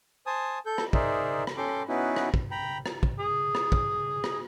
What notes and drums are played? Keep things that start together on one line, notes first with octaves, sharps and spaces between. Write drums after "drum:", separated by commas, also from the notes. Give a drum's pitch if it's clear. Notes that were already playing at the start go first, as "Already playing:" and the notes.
C5 G#5 A5 D#6
A4 G6
drum: rim click
D#4 G#4 A#4 C5 D5 E5, drum: kick
drum: rim click
C#4 A4 G5 C6 D6
B3 C#4 D#4 E4 F#4 B4
drum: rim click
drum: kick
G5 A#5 B5
drum: rim click
drum: kick
G#4
drum: rim click
drum: kick
drum: rim click